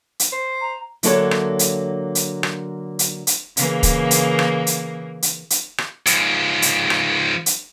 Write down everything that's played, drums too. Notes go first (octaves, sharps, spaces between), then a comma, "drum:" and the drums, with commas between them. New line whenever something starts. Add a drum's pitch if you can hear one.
drum: hi-hat
C5
A#5
D3 F#3 A#3 E4 A4 C#5, drum: hi-hat
drum: rim click
drum: hi-hat
drum: hi-hat
drum: rim click
drum: hi-hat
drum: hi-hat
C#3 E3 A#3, drum: hi-hat
drum: kick, hi-hat
drum: hi-hat
drum: rim click
drum: hi-hat
drum: hi-hat
drum: hi-hat
drum: rim click
G#2 F3, drum: hi-hat
drum: hi-hat
drum: rim click
drum: hi-hat